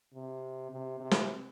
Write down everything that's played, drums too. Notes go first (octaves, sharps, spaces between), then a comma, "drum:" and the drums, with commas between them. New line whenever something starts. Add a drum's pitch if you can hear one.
C3
C3
C3
drum: snare